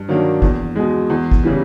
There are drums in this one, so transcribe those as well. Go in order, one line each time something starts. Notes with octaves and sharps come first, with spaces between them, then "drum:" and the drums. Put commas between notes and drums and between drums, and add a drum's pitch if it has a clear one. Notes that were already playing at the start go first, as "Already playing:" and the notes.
Already playing: G2
D#3 F#3 A#3 D4
E2, drum: kick
B2 G#3
E2
drum: kick
C#3 E3 G3